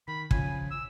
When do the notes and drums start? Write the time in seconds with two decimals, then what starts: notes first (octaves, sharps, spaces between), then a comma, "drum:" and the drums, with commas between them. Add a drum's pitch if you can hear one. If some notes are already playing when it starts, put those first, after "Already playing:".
0.08 D#3 B5
0.31 C#3 F3 F4 G#5, drum: kick
0.71 E6